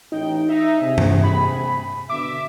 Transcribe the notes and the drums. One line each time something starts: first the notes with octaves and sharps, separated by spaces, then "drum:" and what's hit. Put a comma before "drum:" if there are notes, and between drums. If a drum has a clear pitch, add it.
A1 D#4 G5
D#4 E5
C3 G#4
drum: tom
B5
B2 D3 E5 D6